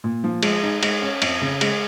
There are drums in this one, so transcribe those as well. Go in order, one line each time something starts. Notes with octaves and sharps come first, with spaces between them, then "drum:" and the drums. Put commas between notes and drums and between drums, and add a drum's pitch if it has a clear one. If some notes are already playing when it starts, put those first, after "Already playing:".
A#2
F3
G#3, drum: cymbal
D#4
G#3, drum: cymbal
C#4
F2, drum: cymbal
C#3
G#3, drum: cymbal